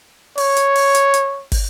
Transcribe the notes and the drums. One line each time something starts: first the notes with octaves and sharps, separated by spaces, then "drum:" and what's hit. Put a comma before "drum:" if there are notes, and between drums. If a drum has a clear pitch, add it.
C#5, drum: open hi-hat
drum: hi-hat
drum: open hi-hat
drum: hi-hat
drum: hi-hat
drum: kick, open hi-hat